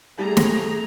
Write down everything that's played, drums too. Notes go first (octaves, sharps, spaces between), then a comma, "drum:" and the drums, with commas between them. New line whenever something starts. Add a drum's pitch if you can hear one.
G3 A3 G#4 A#5
drum: snare